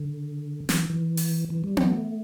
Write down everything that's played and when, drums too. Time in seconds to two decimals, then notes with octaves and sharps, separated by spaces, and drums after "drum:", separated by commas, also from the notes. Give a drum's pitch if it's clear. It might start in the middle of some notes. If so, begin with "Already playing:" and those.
Already playing: D3
0.69 E3, drum: snare
0.90 E3
1.17 drum: open hi-hat
1.50 E3
1.64 G3
1.77 F#3, drum: tom B3
1.90 A3